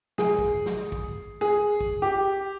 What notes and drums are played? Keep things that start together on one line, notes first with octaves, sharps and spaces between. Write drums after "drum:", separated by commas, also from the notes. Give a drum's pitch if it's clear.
G#4, drum: snare
drum: kick
drum: snare
drum: kick
G#4, drum: tom
drum: kick
G4